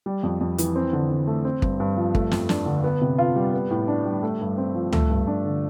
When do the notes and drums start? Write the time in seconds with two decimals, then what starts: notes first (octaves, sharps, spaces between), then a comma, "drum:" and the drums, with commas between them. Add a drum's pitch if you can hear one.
0.06 G3
0.23 F2
0.41 F2
0.58 E3, drum: hi-hat
0.76 C4
0.93 D3
1.10 D3
1.27 A3
1.45 C4
1.62 G2, drum: kick
1.80 G2
1.97 F3
2.15 A3, drum: kick
2.31 F2, drum: snare
2.49 D4, drum: snare
2.66 D3
2.84 B3
3.01 C3
3.18 F4
3.36 G3
3.53 B3
3.70 A2
3.88 D4
4.05 G3
4.23 A3
4.40 G2
4.58 C4
4.75 F3
4.93 A3, drum: tom C#2
5.10 G2
5.27 D4
5.45 D3